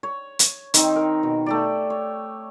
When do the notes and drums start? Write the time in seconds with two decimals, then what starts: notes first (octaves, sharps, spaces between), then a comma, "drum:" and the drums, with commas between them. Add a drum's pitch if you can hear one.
0.03 C#5
0.39 drum: hi-hat
0.74 D#3 C4 D#4, drum: hi-hat
0.96 A#4
1.23 B2
1.46 A3 G4 D5
1.90 C#5